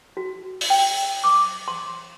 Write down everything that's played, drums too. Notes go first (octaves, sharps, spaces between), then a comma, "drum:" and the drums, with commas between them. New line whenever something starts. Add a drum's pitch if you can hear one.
F#4
drum: open hi-hat
G5
D6
C6